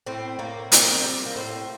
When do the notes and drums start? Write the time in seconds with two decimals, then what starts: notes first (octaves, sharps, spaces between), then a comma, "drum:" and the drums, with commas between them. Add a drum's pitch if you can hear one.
0.07 A2 C4
0.39 A2 A#3
0.72 A#3 C4, drum: hi-hat
1.04 G3
1.26 A#3
1.36 A2 C4